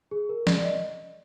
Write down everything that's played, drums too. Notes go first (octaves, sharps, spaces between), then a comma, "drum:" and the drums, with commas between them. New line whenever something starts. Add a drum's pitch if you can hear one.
G#4
A#4
D5, drum: snare
D#5